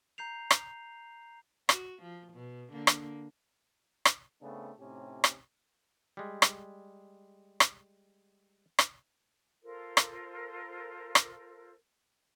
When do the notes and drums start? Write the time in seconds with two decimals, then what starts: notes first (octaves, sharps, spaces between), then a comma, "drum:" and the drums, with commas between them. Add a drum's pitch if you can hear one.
0.18 A#5 G6 C7 F7
0.51 drum: rim click
1.69 F#4, drum: rim click
2.02 F3
2.33 B2
2.72 D3 A#3
2.87 drum: rim click
4.05 drum: rim click
4.42 C#3 A3 B3 C4 D4
4.79 A2 C3 C#4 D#4 G4
5.24 drum: rim click
6.17 G3 G#3
6.42 drum: rim click
7.60 drum: rim click
8.79 drum: rim click
9.63 F4 A4 A#4 C5
9.97 drum: rim click
11.15 drum: rim click